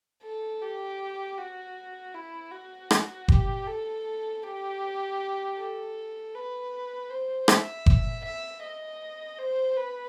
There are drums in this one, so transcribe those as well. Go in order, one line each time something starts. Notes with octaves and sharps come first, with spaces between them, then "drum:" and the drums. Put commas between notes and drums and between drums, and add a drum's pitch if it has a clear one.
A4
G4
F#4
E4
F#4
drum: rim click
G4, drum: kick F#1
A4
G4
A4
B4
C5
E5, drum: rim click
drum: kick F#1
E5
D#5
C5
B4